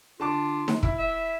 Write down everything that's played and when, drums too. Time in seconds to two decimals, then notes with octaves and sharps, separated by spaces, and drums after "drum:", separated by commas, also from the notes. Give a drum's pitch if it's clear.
0.20 D3 F4 A5 D6
0.68 drum: snare D#4
0.83 E4, drum: kick
0.99 E5